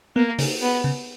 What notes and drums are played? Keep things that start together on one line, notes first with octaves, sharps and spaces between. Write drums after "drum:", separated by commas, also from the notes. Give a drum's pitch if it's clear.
A#3 B3
C#3, drum: open hi-hat
B3
C#3